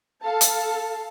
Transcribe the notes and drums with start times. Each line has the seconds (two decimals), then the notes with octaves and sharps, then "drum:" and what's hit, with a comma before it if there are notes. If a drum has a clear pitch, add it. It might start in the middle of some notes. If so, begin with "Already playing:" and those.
0.22 A4 F5 A5
0.41 drum: hi-hat